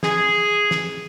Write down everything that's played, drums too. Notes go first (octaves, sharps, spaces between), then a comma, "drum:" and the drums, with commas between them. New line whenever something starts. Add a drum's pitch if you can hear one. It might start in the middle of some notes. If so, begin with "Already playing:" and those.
G#4, drum: snare
drum: snare